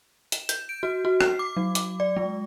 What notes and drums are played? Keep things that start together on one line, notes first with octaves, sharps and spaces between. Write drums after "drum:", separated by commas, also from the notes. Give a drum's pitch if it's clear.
E7, drum: hi-hat
G6, drum: hi-hat
D7
F#4
F#4
C7, drum: rim click
D6
F#3
D6, drum: hi-hat
D5
G#3